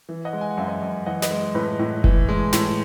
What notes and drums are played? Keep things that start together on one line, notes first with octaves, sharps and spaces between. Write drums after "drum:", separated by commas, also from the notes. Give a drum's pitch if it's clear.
E3
D#5 F#5
G#3
G#5
F#5
F#2 E5
D#5 F#5
F#2
E3 D#5 F#5
B4 D#5, drum: snare
G#3
A2 B4
A2
E3, drum: kick F#1
G#3
A2, drum: snare